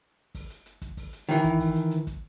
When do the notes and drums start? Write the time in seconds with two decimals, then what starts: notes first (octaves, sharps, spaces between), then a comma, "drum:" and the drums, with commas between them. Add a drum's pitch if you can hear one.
0.35 drum: kick, open hi-hat
0.50 drum: hi-hat
0.66 drum: hi-hat
0.82 drum: kick, hi-hat
0.97 drum: kick, open hi-hat
1.13 drum: hi-hat
1.29 D#3 E3, drum: hi-hat
1.44 drum: kick, hi-hat
1.60 drum: kick, open hi-hat
1.76 drum: hi-hat
1.91 drum: hi-hat
2.07 drum: kick, hi-hat